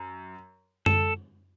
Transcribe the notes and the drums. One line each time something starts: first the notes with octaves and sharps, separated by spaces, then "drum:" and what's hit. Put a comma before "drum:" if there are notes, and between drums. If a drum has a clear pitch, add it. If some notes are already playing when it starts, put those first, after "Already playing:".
Already playing: F#2
A4, drum: tom F#2